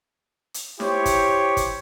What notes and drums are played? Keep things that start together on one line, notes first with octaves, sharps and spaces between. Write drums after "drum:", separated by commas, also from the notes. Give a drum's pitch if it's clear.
drum: hi-hat
E4 G4 C5 C#5, drum: snare
drum: kick, hi-hat
drum: kick, hi-hat